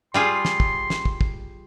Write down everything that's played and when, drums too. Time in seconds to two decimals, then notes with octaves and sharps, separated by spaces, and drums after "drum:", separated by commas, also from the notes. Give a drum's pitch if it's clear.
0.14 G3 F4 G#4 C6
0.45 drum: snare
0.60 drum: kick
0.90 drum: snare
1.05 drum: kick
1.21 drum: kick